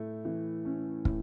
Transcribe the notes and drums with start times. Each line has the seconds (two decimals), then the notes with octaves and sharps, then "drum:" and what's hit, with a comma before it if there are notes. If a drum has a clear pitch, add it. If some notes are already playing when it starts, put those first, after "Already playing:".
Already playing: A2 A3
0.25 E3
0.65 C#4
1.05 A2, drum: kick